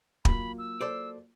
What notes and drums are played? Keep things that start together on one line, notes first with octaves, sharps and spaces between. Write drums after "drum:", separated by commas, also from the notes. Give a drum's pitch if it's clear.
F#3 A#3 F4 B5, drum: kick
E6
A4 C5 D5